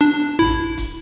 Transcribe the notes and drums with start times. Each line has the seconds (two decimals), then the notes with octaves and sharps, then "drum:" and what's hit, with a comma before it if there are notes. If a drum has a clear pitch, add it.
0.01 D4
0.20 drum: snare
0.39 E4, drum: tom A1
0.78 drum: kick, hi-hat